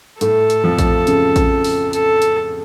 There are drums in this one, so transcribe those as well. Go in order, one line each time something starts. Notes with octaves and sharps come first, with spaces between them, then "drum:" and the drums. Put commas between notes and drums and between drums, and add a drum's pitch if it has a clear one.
A2 A3 A4, drum: hi-hat
drum: hi-hat
F2 F3
drum: kick A#1, hi-hat
C#3, drum: hi-hat
drum: kick A#1, hi-hat
drum: open hi-hat
A4, drum: hi-hat
drum: hi-hat